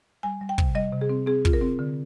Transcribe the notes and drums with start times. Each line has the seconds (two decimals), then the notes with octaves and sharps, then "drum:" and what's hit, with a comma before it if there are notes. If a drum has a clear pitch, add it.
0.23 G3 G#5
0.41 G3
0.49 G5
0.58 C3, drum: kick
0.75 G3 D#5
0.92 C3
1.01 G#4
1.09 C4
1.27 C4 G#4
1.45 F4, drum: kick
1.53 A#4
1.61 C4
1.79 D3